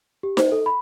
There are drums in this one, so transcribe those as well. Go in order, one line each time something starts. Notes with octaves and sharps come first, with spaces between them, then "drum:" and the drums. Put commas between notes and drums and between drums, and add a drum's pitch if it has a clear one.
G4
C5, drum: snare D#4
A4
B5